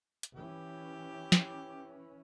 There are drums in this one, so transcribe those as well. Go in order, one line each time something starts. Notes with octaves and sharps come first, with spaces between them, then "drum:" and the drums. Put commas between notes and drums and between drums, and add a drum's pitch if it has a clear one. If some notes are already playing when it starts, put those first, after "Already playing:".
drum: hi-hat
E3 C#4 G4
drum: snare